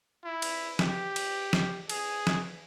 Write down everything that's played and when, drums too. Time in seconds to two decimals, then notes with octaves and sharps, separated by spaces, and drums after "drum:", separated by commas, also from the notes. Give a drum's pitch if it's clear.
0.24 E4
0.42 drum: cymbal
0.79 G4, drum: snare
1.16 drum: cymbal
1.53 drum: snare
1.89 G#4, drum: cymbal
2.27 drum: snare